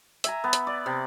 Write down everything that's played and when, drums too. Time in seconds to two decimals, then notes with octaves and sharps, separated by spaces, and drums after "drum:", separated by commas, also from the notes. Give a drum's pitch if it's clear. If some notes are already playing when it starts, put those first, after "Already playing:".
0.24 E5 G#5 A#5, drum: hi-hat
0.44 B3
0.53 drum: hi-hat
0.67 D5
0.86 C3